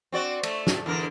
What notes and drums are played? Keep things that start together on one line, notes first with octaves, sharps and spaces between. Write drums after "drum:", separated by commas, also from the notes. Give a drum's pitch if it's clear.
C4 F#4 D5
A3, drum: cymbal
drum: snare
E2 D3 A#4